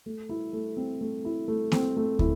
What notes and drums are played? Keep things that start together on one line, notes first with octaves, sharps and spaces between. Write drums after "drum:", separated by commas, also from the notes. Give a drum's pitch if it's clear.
A3
E4
A3
C4
A3
E4
A3
C4, drum: snare A#3
A3
E4, drum: kick